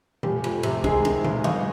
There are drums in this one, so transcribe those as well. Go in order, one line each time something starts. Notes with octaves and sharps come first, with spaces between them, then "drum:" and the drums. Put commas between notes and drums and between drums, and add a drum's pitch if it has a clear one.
F1 G4, drum: tom A#2
F2, drum: cymbal
C3, drum: cymbal
D#3 G#3 G#4, drum: kick C2, cymbal
D#3, drum: cymbal
F1, drum: tom A#2
G1 D#4 D#5, drum: cymbal